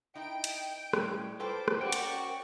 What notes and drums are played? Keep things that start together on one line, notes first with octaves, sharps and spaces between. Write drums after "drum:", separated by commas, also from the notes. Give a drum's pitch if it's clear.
D#4 E4 G5 D7
drum: hi-hat
A2 G3 G#3 C#4, drum: rim click
F4 A4 B4 C5 G5 D6
drum: rim click
C#4 F#4 A#4 C5 D5 G5 C#6
drum: hi-hat